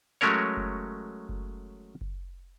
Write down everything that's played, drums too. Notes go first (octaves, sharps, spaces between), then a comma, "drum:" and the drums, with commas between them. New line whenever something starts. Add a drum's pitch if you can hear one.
F#3 G#3 A3 C#4 A#4 C#5
drum: kick F#1
drum: kick F#1
drum: kick F#1